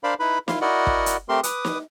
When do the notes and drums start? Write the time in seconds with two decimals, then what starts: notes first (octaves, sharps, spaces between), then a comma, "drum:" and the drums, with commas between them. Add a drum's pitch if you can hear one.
0.04 D4 A#4 C5 D5 F5 B5
0.20 D#4 E4 B4 B5
0.48 E4 F4 F5 C6, drum: snare
0.61 E4 F#4 A#4 D5 D#5 F#5
0.87 drum: kick
1.06 drum: hi-hat
1.29 A3 C4 G4 A#4 C6
1.43 B4 D6 D#6, drum: hi-hat
1.65 drum: snare